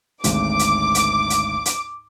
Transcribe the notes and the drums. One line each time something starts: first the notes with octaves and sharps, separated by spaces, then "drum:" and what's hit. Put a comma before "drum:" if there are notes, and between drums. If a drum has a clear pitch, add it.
G#1 D2 G#2 D6, drum: hi-hat
drum: hi-hat
drum: hi-hat
drum: hi-hat
drum: hi-hat